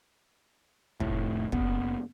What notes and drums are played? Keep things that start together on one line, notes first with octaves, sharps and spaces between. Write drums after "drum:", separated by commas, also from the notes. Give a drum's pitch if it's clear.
F1 A2, drum: kick
F#1 B3, drum: kick